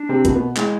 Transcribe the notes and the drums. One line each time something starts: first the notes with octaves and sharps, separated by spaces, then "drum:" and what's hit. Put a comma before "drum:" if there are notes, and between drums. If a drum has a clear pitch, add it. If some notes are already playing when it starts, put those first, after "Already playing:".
Already playing: D4
C3 C4
B2 B3, drum: kick, hi-hat
B2 B3
G#3 E4, drum: clap